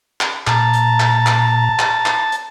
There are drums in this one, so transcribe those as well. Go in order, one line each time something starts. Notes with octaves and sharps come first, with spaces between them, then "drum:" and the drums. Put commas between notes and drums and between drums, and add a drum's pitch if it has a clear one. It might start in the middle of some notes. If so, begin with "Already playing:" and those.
drum: clap
A#2 A5 A#5, drum: clap
drum: hi-hat
drum: clap
drum: clap
drum: clap
drum: clap
drum: hi-hat